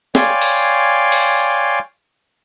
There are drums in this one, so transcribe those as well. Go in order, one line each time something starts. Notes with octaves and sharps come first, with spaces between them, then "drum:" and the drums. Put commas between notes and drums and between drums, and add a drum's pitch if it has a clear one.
C#5 D5 F5 G5 G#5 C6, drum: snare
drum: open hi-hat
drum: open hi-hat